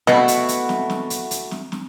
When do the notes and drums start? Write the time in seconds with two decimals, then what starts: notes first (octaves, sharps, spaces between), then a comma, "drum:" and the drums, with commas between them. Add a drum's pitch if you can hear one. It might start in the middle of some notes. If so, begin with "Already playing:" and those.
0.07 B2 A3 E4 F#4, drum: snare
0.28 drum: hi-hat
0.48 drum: hi-hat
0.69 drum: snare
0.90 drum: snare
1.10 drum: hi-hat
1.31 drum: hi-hat
1.51 drum: snare
1.72 drum: snare